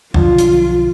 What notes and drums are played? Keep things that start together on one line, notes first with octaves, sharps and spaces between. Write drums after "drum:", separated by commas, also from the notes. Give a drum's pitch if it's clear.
B1 D3 F3 F4, drum: tom E2
drum: hi-hat